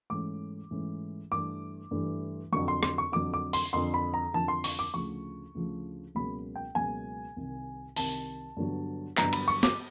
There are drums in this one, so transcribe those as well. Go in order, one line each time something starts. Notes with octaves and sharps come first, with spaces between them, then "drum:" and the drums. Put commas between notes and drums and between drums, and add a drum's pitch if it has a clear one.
G#2 E3 A3 C#4 D6
G#2 E3 A3 C#4
G2 E3 A3 D4 D6
G2 E3 A3 D4
F2 D3 F#3 C#6
C6
C6, drum: rim click
C#6
F2 D3 F#3 D6
D6
C6, drum: open hi-hat
F2 D3 F3 C6
B5
A#5
F2 D3 F3 A5
C6
C#6, drum: open hi-hat
D6
D2 C#3 F3 C#6
D2 C#3 F3
C#2 B2 F#3 A#3 C#4 B5
G5
C#2 B2 F#3 A#3 C#4 G#5
C2 C3 D#3
C2 C3 D#3 A5, drum: open hi-hat
G2 D3 F#3 B3
G2 D3 F#3 B3 A#5, drum: clap
B5, drum: cymbal
C#6
D6, drum: snare